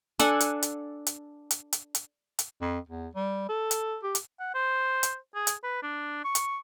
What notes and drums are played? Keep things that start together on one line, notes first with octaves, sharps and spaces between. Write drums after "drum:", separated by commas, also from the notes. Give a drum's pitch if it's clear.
D4 A4 F#5 G#5, drum: hi-hat
drum: hi-hat
drum: hi-hat
drum: hi-hat
drum: hi-hat
drum: hi-hat
drum: hi-hat
drum: hi-hat
F2
E2
G3
A4
drum: hi-hat
G4
drum: hi-hat
F#5
C5
drum: hi-hat
G#4
drum: hi-hat
B4
D4
C#6
drum: hi-hat